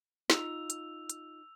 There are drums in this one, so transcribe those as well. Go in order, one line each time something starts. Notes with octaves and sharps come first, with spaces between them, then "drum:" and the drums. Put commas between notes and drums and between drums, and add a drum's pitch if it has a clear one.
D#4 F4 E6 F7, drum: snare
drum: hi-hat
drum: hi-hat